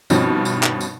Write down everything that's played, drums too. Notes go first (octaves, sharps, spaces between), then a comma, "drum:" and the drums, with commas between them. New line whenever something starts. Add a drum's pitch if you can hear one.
G2 B2 D#3 F3 C4 C#4, drum: tambourine
drum: tambourine
drum: clap
drum: tambourine